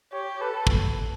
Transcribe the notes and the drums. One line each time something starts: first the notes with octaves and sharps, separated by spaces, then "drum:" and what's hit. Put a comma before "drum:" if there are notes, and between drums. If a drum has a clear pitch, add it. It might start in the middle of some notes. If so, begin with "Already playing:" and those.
G4 C#5
A4 B4
drum: kick